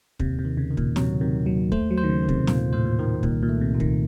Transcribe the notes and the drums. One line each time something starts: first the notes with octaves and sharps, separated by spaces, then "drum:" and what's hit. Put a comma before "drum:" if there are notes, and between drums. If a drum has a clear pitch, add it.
D#2 C3, drum: kick
C3
D#3
C#3
D#3
A#2, drum: kick
C3 F#3, drum: snare
C3 D#3
D#2 F#3
A3 C5, drum: kick
F#3
C5
D#3
C#3
D#3
C3, drum: kick
A#2 F4, drum: snare
A2 C5
A#2
D#3
C2 A#2, drum: kick
A#2
A3
C3
A#2
D#3, drum: kick